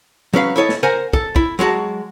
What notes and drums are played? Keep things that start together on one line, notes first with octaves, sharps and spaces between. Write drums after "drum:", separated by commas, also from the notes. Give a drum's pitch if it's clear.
F#3 C#4 B4 F5
E4 A4 C#5 D#5
drum: snare
A#4 C5 F#5 G#5
A4, drum: kick
E4, drum: kick
F#3 G#3 F#4 A5